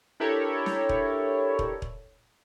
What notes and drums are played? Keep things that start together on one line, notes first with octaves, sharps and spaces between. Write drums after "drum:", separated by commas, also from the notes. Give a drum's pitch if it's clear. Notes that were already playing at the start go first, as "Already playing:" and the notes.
D4 E4 G4 A4 A#4 C#5
drum: snare
drum: kick E1
drum: kick E1
drum: kick E1